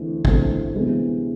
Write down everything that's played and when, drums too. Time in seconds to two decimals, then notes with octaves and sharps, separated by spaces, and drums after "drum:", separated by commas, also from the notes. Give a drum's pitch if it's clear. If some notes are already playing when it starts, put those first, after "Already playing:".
Already playing: E2 D3 A3 C4
0.25 E2 D3 A3 C4, drum: kick
0.74 D2 C3 E3 G#3 B3